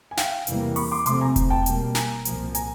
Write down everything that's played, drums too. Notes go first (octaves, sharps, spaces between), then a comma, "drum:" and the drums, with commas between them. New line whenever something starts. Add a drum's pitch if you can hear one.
G#5
F5 G5, drum: snare
E2 C3 E3 G3 A#3, drum: hi-hat
B5 C#6, drum: open hi-hat
C6 D6
C3 F3 A3 C4 C6 D6, drum: hi-hat
G#5 A#5
drum: kick E1, hi-hat
G5 A5
B2 G3 A#3, drum: hi-hat
G#5 A#5, drum: snare
C2 A#2 F3 A#3, drum: hi-hat
G#5 A#5, drum: hi-hat